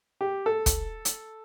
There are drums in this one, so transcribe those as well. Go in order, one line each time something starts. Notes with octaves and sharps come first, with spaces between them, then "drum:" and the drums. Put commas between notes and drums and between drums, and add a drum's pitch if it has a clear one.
G4
A4
drum: kick, hi-hat
drum: hi-hat